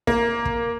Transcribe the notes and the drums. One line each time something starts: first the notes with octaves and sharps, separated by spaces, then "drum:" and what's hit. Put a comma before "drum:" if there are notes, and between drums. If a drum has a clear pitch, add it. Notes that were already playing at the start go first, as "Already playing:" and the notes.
A#3, drum: kick
drum: kick